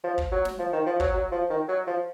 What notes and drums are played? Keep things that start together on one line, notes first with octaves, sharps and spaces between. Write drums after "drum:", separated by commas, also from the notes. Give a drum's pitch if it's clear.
F3
drum: kick
F#3
drum: snare
F3
D#3
F3
F#3, drum: kick
F#3
F3
D#3
F#3
F3